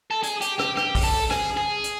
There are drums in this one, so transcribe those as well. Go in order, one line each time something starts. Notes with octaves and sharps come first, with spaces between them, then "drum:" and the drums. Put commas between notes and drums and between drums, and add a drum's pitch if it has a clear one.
A4
G#4, drum: hi-hat
G4, drum: hi-hat
G4, drum: rim click
G4, drum: rim click
drum: kick A#1, open hi-hat
A4
G#4, drum: rim click
G#4
drum: hi-hat